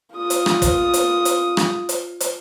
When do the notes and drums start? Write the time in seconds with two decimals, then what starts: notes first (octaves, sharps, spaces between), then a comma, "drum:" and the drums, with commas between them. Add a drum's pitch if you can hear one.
0.14 F4 D#6
0.30 drum: hi-hat
0.46 drum: rim click
0.62 drum: kick, hi-hat
0.94 drum: hi-hat
1.25 drum: hi-hat
1.57 drum: rim click
1.89 drum: hi-hat
2.20 drum: hi-hat